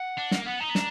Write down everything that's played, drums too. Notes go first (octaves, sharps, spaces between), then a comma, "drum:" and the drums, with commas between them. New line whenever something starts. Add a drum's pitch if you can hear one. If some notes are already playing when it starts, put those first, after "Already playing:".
Already playing: F#5
D4
A#3, drum: snare
B3 F#5
D#4 A#5
B3
D4, drum: snare